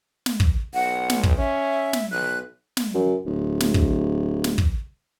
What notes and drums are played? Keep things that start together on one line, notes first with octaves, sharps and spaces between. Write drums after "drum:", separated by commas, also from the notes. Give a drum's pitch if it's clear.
drum: snare
drum: kick
B1 F#5
drum: snare
drum: kick
C#4 E5
drum: snare
B1 F#6
drum: snare
F#2
D1
drum: snare
drum: kick
drum: snare
drum: kick